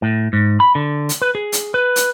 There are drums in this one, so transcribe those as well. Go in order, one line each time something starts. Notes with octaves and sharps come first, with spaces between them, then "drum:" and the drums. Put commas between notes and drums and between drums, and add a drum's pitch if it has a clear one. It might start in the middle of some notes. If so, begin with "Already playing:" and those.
A2
G#2
B5
D3
drum: hi-hat
B4
G#4
drum: hi-hat
B4
drum: hi-hat